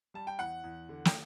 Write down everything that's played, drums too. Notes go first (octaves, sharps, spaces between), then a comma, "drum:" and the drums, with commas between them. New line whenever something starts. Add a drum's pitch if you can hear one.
G3 A5
G5
E2 F#5
E2
D3
G5, drum: snare